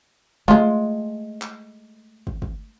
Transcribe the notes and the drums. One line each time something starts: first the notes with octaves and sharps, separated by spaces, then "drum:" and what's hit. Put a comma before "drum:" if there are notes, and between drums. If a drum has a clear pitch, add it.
G#3 A3 F4
drum: clap
drum: kick
drum: kick